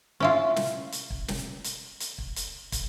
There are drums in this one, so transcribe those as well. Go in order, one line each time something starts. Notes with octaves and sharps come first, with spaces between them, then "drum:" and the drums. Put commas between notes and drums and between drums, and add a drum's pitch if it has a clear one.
C#4 E4 F4
drum: snare
drum: hi-hat
drum: kick
drum: snare
drum: hi-hat
drum: hi-hat
drum: kick
drum: hi-hat
drum: kick, hi-hat